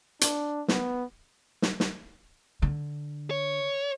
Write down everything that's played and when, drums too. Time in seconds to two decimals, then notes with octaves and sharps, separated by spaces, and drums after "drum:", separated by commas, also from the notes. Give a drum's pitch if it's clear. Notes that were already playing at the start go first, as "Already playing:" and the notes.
0.21 D4, drum: hi-hat
0.68 B3, drum: snare
1.62 drum: snare
1.80 drum: snare
2.62 D3
3.31 C#5